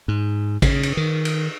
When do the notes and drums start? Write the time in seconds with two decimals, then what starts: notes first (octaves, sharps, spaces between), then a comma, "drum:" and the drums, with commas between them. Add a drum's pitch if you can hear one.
0.08 G#2
0.62 C#3, drum: kick G#1, cymbal
0.83 drum: cymbal
0.97 D#3
1.25 drum: cymbal